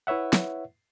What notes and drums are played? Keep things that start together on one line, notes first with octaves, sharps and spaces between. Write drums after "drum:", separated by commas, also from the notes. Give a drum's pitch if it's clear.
E4 B4 C#5 E5 F#5
drum: snare